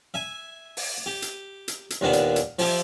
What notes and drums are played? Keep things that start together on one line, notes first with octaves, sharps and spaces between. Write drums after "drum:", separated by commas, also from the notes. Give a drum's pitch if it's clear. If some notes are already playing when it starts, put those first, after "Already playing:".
E5 G#5
drum: open hi-hat
G4
drum: hi-hat
drum: hi-hat
drum: hi-hat
D#2 A#2 D#3 A#3 B3 D4
drum: hi-hat
drum: hi-hat
F3 G4 E5, drum: open hi-hat